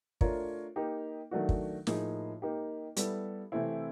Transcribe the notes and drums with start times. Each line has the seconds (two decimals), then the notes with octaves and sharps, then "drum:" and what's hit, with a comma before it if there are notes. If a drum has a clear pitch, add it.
0.21 A3 D4 F4 A#4 C#5, drum: kick
0.76 A#3 D#4 G4
1.31 D#3 F#3 A3 D4 F#4
1.49 drum: kick
1.87 A2 F3 A#3 D#4 G#4, drum: snare
2.42 A#3 D#4 G4
2.96 G3 B3 E4 A4, drum: hi-hat
3.52 C3 E3 A3 C4 E4